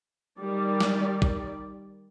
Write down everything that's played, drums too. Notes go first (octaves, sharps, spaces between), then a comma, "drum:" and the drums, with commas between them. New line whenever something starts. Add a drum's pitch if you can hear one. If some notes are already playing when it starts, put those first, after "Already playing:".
D#3 G3 D5
drum: snare
drum: kick